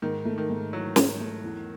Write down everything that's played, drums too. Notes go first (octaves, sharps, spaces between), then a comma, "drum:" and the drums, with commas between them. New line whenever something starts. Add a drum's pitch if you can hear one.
G#2 D#3
A3
D#3
G#2
E3 F#3
G#2, drum: snare
A3
E2